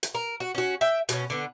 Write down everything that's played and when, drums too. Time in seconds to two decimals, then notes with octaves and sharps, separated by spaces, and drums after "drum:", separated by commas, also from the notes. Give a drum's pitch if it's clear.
0.03 drum: hi-hat
0.15 A#4
0.40 F#4
0.55 C#4 F#4
0.81 E5 G5
1.09 B2 C#4, drum: hi-hat
1.30 D3 B3